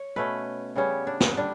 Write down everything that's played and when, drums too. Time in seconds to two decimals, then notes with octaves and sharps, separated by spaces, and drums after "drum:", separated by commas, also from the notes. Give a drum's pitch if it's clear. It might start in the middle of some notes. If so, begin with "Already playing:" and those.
Already playing: C#5
0.16 B2 A3 C#4 B4
0.76 C#3 G3 B3 C#4
1.07 D4
1.20 drum: snare
1.37 D3 G3 D4